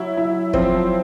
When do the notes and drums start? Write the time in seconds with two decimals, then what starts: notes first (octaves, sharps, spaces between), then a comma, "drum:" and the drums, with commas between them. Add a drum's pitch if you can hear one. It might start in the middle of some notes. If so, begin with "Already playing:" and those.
Already playing: F#3 E4
0.17 E4
0.53 F3 C4, drum: kick